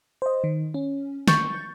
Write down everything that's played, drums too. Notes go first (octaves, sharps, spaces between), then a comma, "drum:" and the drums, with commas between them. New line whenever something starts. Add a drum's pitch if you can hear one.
C5 D#5
D#3
C#4
C#6 G6 A6, drum: snare